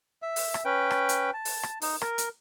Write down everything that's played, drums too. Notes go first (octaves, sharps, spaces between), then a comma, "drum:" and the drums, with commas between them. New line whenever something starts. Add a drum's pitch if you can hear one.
E5
drum: open hi-hat
drum: rim click
C#4 B4 G5
drum: rim click
drum: hi-hat
A5
drum: open hi-hat
drum: rim click
D#4, drum: open hi-hat
A#4, drum: rim click
drum: hi-hat